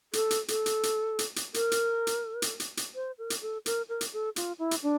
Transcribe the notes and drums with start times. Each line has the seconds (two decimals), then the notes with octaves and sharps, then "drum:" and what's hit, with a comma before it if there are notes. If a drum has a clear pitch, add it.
0.13 A4, drum: hi-hat
0.31 drum: hi-hat
0.48 A4, drum: hi-hat
0.66 drum: hi-hat
0.83 drum: hi-hat
1.19 drum: hi-hat
1.36 drum: hi-hat
1.54 A#4, drum: hi-hat
1.72 drum: hi-hat
2.07 drum: hi-hat
2.42 drum: hi-hat
2.60 drum: hi-hat
2.77 drum: hi-hat
2.95 C5
3.18 A#4
3.30 drum: hi-hat
3.42 A4
3.66 A#4, drum: hi-hat
3.89 A#4
4.01 drum: hi-hat
4.13 A4
4.36 F4, drum: hi-hat
4.59 E4
4.71 drum: hi-hat
4.83 D4